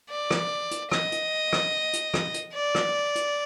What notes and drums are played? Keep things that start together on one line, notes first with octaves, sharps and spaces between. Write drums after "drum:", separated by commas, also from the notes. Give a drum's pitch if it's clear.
D5
drum: rim click
drum: hi-hat
D#5, drum: rim click
drum: hi-hat
drum: rim click
drum: hi-hat
drum: rim click
drum: hi-hat
D5
drum: rim click
drum: hi-hat